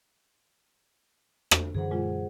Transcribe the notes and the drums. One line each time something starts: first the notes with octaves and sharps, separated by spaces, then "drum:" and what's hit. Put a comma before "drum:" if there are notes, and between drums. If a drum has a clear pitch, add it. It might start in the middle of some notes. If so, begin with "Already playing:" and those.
drum: rim click
F#2 D3 E3 G#4 C5 F#5
A#2 G#3 F4